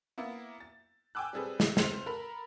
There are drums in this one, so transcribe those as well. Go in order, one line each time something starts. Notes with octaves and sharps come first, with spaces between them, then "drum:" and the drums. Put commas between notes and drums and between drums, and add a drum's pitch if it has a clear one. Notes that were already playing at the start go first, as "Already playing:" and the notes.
A#3 B3 E4
A6
G5 G#5 D6 E6 F#6
G3 C4 G#4 A4 B4
drum: snare
F1 C5 F7, drum: snare
A4 A#4 A#5 B5